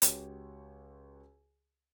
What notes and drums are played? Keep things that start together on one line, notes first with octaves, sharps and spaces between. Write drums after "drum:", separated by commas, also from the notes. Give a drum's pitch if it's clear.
C#2 F#4 G4 C#5, drum: hi-hat